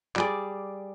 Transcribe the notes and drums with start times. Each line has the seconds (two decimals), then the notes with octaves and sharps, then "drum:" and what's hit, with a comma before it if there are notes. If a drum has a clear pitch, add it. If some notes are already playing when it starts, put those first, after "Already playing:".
0.16 G3 G#4 D5, drum: clap